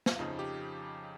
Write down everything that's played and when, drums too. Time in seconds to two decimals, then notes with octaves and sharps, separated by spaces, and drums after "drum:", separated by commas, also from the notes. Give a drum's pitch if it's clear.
0.06 drum: snare
0.19 F2 C#3 F3 D#4
0.39 G4